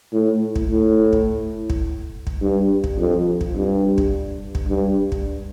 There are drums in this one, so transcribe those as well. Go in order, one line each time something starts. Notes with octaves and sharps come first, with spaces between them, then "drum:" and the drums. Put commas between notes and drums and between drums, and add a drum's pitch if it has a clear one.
A2
drum: kick
A2
drum: kick
drum: kick
drum: kick
G2
drum: kick
F2
drum: kick
G2
drum: kick
drum: kick
G2
drum: kick